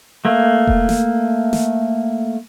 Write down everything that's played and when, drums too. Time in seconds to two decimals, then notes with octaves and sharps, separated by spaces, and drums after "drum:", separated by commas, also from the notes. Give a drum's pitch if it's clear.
0.25 A3 A#3
0.67 drum: kick E1
0.89 drum: snare
1.53 drum: snare